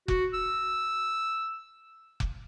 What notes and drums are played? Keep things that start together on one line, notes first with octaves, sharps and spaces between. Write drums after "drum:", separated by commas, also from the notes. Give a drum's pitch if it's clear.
F#4, drum: kick F1
E6
drum: kick F1